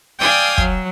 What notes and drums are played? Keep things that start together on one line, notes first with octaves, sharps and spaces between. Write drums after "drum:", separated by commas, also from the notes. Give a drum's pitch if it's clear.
D5 F5 G5 G#5 D#6
F#3, drum: kick